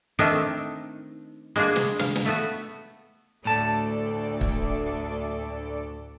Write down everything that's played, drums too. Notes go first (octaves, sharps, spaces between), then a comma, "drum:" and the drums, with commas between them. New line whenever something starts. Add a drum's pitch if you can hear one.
D#3 A3 C4 D4 D#4
G#3 A#3 D4 F#4 G#4
drum: snare
F5, drum: snare
drum: snare
A3 B3 F#4
D2 A2 A4 D5 A5
drum: kick